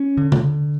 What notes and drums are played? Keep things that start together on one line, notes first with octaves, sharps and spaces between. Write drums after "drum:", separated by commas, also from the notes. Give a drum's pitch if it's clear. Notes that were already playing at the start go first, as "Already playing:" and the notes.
Already playing: C#4
D3
drum: tom